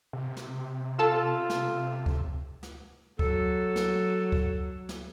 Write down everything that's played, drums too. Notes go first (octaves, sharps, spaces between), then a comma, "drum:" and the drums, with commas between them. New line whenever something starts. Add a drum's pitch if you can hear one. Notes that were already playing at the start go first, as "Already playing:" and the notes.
C3
drum: snare
F4 A4 A5 E6
drum: snare
drum: kick C#2
drum: snare
F#3 A4, drum: kick C#2
drum: snare
drum: kick C#2
drum: snare